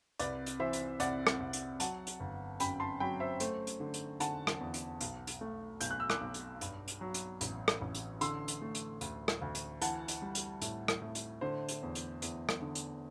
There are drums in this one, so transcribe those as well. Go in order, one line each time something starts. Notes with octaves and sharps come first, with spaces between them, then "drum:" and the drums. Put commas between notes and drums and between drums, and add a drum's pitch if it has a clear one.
C2 B4 D5, drum: hi-hat
drum: hi-hat
E3 C5 E5
drum: hi-hat
C2 D5 F#5, drum: hi-hat
drum: rim click
C2
drum: hi-hat
F#3 F#5 A5, drum: hi-hat
drum: hi-hat
G1
F#2 G5 B5, drum: hi-hat
A5 C6
F#3 G5 B5
C5 E5
A3 C5, drum: hi-hat
drum: hi-hat
D3
drum: hi-hat
D3 F#5 A5, drum: hi-hat
drum: rim click
E2
drum: hi-hat
B1, drum: hi-hat
drum: hi-hat
A3
B1 G6, drum: hi-hat
F#6
E6
D6 F#6, drum: rim click
B1
drum: hi-hat
G2, drum: hi-hat
drum: hi-hat
F#3
drum: hi-hat
A1, drum: hi-hat
drum: rim click
A1
drum: hi-hat
D3 C6 E6, drum: hi-hat
drum: hi-hat
A3
drum: hi-hat
D2, drum: hi-hat
drum: rim click
D2
drum: hi-hat
E3 F#5 A5, drum: hi-hat
drum: hi-hat
G3
drum: hi-hat
A2, drum: hi-hat
drum: rim click
A2
drum: hi-hat
D3 C5
drum: hi-hat
E2
drum: hi-hat
E2, drum: hi-hat
drum: rim click
D3
drum: hi-hat